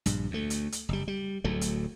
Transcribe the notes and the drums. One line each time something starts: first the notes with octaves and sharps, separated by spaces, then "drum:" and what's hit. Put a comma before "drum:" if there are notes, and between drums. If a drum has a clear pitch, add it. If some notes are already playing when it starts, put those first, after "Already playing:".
A#1 G2, drum: hi-hat
D2 A3
drum: hi-hat
drum: hi-hat
F#1 G3
G3
D1 D2 F#3 A3
drum: hi-hat